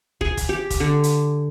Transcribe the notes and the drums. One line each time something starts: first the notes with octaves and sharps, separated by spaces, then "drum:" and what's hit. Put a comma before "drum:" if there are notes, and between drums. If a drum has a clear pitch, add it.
G#4, drum: kick
drum: kick, hi-hat
G4
drum: kick, hi-hat
D3
drum: hi-hat